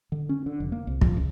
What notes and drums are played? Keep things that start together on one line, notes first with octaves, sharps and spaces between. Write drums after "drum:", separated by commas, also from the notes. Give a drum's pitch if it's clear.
D3
C#4
D3
F1
A#3
C2
F3, drum: kick
C#2